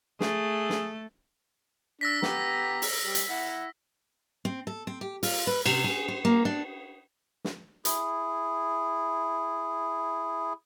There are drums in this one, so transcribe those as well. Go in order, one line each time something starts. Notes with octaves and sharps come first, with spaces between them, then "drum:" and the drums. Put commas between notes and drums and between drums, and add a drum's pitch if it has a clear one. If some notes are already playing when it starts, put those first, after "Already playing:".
A3 G#4 A4, drum: snare
drum: snare
D4 E6 A#6 B6
B3 G4 A#5, drum: snare
drum: open hi-hat
G3
drum: hi-hat
E4 F#5
C4
A4
C4
G4
F4, drum: open hi-hat
B4
C3, drum: cymbal
G#4
C5
A#3
D4
drum: snare
E4 G#4, drum: hi-hat